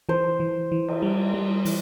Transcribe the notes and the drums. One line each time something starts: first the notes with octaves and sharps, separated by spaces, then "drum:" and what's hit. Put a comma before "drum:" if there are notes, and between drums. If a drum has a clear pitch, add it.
E3 C5
E3
E3
drum: cymbal
G3
G3
E3, drum: open hi-hat